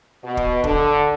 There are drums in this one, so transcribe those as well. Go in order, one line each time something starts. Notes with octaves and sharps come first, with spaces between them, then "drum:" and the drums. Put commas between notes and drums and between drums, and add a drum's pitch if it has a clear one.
B2
drum: kick
D3, drum: kick